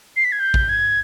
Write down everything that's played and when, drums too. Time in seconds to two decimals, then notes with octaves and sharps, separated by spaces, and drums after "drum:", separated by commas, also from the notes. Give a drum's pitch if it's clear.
0.17 C7
0.25 B6
0.32 G#6
0.40 G6
0.54 drum: kick A1
0.69 G#6